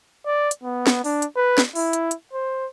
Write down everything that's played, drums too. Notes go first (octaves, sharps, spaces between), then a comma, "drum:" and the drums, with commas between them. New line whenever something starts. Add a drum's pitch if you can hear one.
D5
drum: hi-hat
B3
drum: snare
D4, drum: open hi-hat
drum: hi-hat
B4
drum: snare
E4, drum: open hi-hat
drum: hi-hat
drum: hi-hat
C5